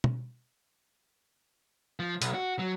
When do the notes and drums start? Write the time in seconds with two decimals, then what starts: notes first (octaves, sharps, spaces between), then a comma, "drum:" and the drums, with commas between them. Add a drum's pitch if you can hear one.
0.04 drum: tom
2.00 F3
2.22 B1, drum: hi-hat
2.34 F#4
2.59 F#3